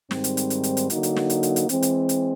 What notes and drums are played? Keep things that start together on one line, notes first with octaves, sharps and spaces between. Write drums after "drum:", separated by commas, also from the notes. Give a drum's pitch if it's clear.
G#2 D#3 G3 C4, drum: snare
drum: hi-hat
drum: hi-hat
drum: hi-hat
drum: hi-hat
drum: hi-hat
D3 F#3 A#3 D#4 F#4, drum: hi-hat
drum: hi-hat
drum: snare
drum: hi-hat
drum: hi-hat
drum: hi-hat
E3 G#3 C4, drum: hi-hat
drum: hi-hat
drum: hi-hat